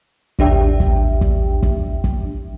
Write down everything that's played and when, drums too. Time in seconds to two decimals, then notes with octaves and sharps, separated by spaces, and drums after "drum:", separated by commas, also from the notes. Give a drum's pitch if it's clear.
0.39 A1 D#2 D4 G4 E5 G5, drum: kick
0.80 drum: kick
1.21 drum: kick
1.63 drum: kick
2.04 drum: kick